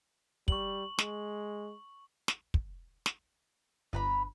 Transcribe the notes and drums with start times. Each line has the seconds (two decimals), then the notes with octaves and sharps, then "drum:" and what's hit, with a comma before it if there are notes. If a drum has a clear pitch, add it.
0.48 G3 C#6 F#7, drum: kick
0.99 G#3, drum: snare
2.28 drum: snare
2.54 drum: kick
3.06 drum: snare
3.93 G1 B4 A#5 B5